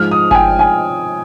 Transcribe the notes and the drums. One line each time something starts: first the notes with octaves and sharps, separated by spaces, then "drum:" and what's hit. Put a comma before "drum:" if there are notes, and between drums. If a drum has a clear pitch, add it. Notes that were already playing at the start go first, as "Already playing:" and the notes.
Already playing: G#2 F3 G#3 F6
D#6
G#5, drum: kick G1
G5
G#5